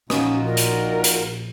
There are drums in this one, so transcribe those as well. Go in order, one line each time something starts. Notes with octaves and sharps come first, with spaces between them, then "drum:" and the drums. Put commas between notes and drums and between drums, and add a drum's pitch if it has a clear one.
A#1 C#4 D#4 F4 F#4, drum: rim click
A#2 A#4
drum: hi-hat
drum: hi-hat